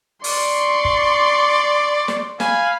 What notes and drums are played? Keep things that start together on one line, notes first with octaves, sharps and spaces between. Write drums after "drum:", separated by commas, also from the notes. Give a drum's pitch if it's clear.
D5 C6 C#6, drum: open hi-hat
drum: kick
drum: snare
F5 G#5 B5, drum: snare